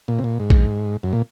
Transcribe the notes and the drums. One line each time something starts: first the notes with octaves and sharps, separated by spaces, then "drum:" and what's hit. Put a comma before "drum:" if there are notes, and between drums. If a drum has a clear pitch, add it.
A#2
C3
A#2
G#2
drum: kick
F#2
A#2